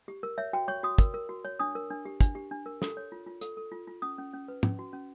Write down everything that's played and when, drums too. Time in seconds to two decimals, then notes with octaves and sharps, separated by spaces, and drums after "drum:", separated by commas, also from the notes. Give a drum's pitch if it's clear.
0.08 G4
0.23 A#4
0.38 C#5 E5
0.53 F#4 G5
0.68 C#5 C#6
0.83 F#4 D#6
0.98 A#4, drum: kick, hi-hat
1.14 A#4
1.29 F#4
1.45 C#5
1.59 D4 D#6
1.75 A#4
1.91 D4
2.05 G4
2.21 D4, drum: kick, hi-hat
2.35 G4
2.51 D4
2.66 A#4
2.82 A4, drum: snare
2.97 C#5
3.12 F4
3.27 F4
3.41 A4, drum: hi-hat
3.57 A4
3.72 F4
3.87 F4
4.02 C#4 D#6
4.18 C#4
4.33 C#4
4.48 B4
4.63 C#4, drum: tom
4.79 F#4
4.93 C#4